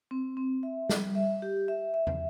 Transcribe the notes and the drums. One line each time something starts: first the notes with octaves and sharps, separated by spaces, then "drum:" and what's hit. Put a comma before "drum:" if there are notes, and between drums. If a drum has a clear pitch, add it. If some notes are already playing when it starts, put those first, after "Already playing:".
C4
C4
E5
G3, drum: snare
E5
G4
E5
E5
drum: tom